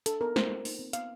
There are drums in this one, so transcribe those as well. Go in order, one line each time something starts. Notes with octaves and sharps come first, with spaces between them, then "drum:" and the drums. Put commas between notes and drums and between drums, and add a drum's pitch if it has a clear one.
D4 A4, drum: hi-hat
B3 A#4
F4 C5, drum: snare
A#3
D#4, drum: open hi-hat
C4
B3 F5, drum: hi-hat